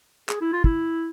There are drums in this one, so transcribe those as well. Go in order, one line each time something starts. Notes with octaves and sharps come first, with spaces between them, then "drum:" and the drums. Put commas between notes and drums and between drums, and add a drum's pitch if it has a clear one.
G#4, drum: clap
E4
F4
E4, drum: kick